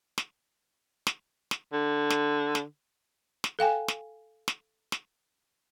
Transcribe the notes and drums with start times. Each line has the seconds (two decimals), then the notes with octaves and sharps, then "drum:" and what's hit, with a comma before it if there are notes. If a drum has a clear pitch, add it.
0.18 drum: snare
1.07 drum: snare
1.51 drum: snare
1.73 D3
2.10 drum: snare
2.55 drum: snare
3.44 drum: snare
3.59 A4 F5 G5 G#5
3.88 drum: snare
4.48 drum: snare
4.92 drum: snare